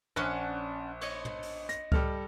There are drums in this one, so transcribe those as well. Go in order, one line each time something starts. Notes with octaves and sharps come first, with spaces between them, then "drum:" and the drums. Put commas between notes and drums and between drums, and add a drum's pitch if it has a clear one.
A#1 C#4 D4 F#5 F#6
C#5 D#5, drum: cymbal
drum: tom
drum: open hi-hat
A#6, drum: hi-hat
G3 A4 F6, drum: kick C#2